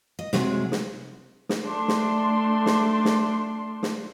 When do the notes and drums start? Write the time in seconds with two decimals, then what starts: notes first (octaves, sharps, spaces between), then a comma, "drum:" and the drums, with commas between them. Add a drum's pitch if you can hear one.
0.19 D#5
0.33 C3 F#3 G#3, drum: snare
0.72 drum: snare
1.49 drum: snare
1.65 A3 D4 C6
1.88 drum: snare
2.66 drum: snare
3.05 drum: snare
3.83 drum: snare